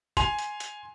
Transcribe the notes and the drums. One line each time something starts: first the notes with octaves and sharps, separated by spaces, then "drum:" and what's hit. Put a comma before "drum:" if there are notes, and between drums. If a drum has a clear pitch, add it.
G#5 C6 F7, drum: kick, hi-hat
drum: hi-hat
drum: hi-hat